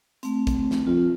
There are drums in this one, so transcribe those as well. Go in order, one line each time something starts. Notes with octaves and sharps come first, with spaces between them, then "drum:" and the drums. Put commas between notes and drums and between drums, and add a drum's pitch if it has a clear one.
A3 C4, drum: hi-hat
drum: kick, hi-hat
drum: snare
F2 F4